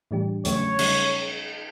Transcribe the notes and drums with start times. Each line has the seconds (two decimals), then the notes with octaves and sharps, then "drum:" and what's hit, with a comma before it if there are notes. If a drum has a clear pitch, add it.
0.11 A2 E3 G3 D4 G4
0.45 E2 C#3 F#3 A3 C#4 C#5, drum: hi-hat
0.79 C#3 G3 C#4, drum: cymbal